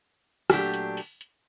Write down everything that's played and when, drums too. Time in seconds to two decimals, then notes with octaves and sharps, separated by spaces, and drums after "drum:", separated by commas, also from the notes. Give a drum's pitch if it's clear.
0.50 A#2 F#3 A3 D4 G4, drum: rim click
0.74 drum: hi-hat
0.97 drum: open hi-hat
1.21 drum: hi-hat